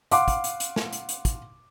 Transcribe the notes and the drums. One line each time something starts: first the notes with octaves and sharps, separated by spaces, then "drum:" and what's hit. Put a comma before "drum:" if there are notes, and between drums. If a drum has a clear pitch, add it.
F5 F#5 C6 D6, drum: hi-hat
drum: kick, hi-hat
drum: hi-hat
drum: hi-hat
drum: snare
drum: hi-hat
drum: hi-hat
drum: kick, hi-hat